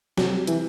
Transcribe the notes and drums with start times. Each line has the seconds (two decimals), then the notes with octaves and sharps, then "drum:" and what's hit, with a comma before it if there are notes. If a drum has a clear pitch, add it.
0.18 C3 F#3, drum: snare
0.47 E3, drum: hi-hat